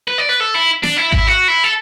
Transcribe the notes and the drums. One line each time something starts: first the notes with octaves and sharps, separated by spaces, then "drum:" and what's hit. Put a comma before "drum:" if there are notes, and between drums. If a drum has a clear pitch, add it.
B4
D5
B4
A4
E4
D4, drum: snare
E4
E4, drum: kick G#1
F#4
E4
A4